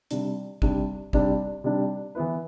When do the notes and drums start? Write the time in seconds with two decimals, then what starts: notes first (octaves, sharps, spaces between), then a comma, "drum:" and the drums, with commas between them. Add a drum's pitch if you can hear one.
0.11 C3 G3 D4, drum: hi-hat
0.62 C3 G3 D4, drum: kick
1.13 C3 G3 D4, drum: kick
1.64 C3 G3 D4
2.15 E3 B3 E4 B4